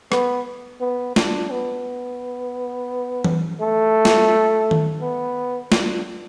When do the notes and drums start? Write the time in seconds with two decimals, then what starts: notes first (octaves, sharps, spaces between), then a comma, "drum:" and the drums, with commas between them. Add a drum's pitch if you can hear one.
0.12 B3, drum: rim click
0.81 B3
1.16 D4, drum: snare
1.51 B3
3.25 drum: tom E3
3.60 A3
4.05 drum: snare
4.71 drum: tom D#3
5.01 B3
5.72 D4, drum: snare